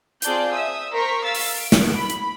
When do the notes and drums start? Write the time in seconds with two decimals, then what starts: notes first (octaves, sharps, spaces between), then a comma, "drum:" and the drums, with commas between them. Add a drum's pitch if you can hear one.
0.22 C4 F4 G#4 D5 A5 G6, drum: hi-hat
0.52 E5 D#6 E6
0.92 A#4 C5 A#5 C#6 B6
1.24 F5 E6 A6 B6
1.35 drum: open hi-hat
1.56 D7
1.72 drum: snare
1.94 B5
2.10 drum: hi-hat